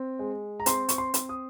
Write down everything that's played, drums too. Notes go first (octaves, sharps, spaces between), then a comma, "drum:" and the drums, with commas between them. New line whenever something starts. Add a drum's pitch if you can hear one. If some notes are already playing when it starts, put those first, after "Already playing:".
Already playing: C4
G#3
A#5
C4 C6, drum: hi-hat
C#6, drum: hi-hat
C6
C4, drum: hi-hat
D#6